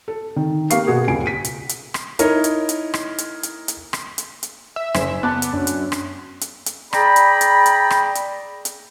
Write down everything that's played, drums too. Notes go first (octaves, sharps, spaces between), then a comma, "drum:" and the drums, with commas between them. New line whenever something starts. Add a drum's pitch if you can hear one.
A4
D#3
A#3 G4 A#4 F5 C#6 C7, drum: hi-hat
B2 F#4 G#4 A#4
D#1 C#2 C#3 G#5 C7 D7
B6 D#7
drum: hi-hat
drum: hi-hat
drum: rim click
D#4 E4 A#4 C#5 D#5, drum: hi-hat
drum: hi-hat
drum: hi-hat
drum: rim click
drum: hi-hat
drum: hi-hat
drum: hi-hat
drum: rim click
drum: hi-hat
drum: hi-hat
E5
F#1 G#5, drum: rim click
B3 A5 D6 F#6
drum: hi-hat
F#2 C#4 D4
drum: hi-hat
drum: rim click
drum: hi-hat
drum: hi-hat
G#4 D5 G5 A#5 B5, drum: rim click
drum: hi-hat
drum: hi-hat
drum: hi-hat
drum: rim click
drum: hi-hat
drum: hi-hat